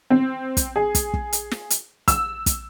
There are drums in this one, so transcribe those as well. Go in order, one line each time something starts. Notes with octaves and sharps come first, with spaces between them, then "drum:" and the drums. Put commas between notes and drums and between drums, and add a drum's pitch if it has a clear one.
C4
drum: kick, hi-hat
G#4
drum: kick, hi-hat
drum: kick
drum: hi-hat
drum: snare
drum: hi-hat
E6, drum: kick, hi-hat
drum: kick, hi-hat